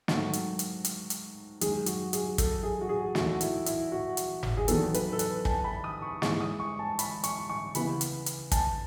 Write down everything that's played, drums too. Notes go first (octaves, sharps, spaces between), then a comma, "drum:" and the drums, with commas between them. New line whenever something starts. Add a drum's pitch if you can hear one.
G#2 D#3 F#3 A3 F#4, drum: snare
drum: hi-hat
drum: hi-hat
drum: hi-hat
drum: hi-hat
F#2 D#3 G#3 G#4, drum: hi-hat
F#4, drum: hi-hat
G#4, drum: hi-hat
A4, drum: kick, hi-hat
G#4
F#4
G#4
E2 D#3 A3 F#4, drum: snare
E4, drum: hi-hat
E4, drum: hi-hat
F#4
drum: hi-hat
drum: tom G1
G#4
E2 D#3 F#3 B3 A4, drum: hi-hat
B4, drum: hi-hat
A4
B4, drum: hi-hat
A5, drum: kick
B5
D#6
C#6
G#2 E3 G#3 C#6, drum: snare
D#6
C#6
A5
B5, drum: hi-hat
C#6, drum: hi-hat
C#6
C#3 E3 B3 B5, drum: hi-hat
drum: hi-hat
drum: hi-hat
A5, drum: kick, hi-hat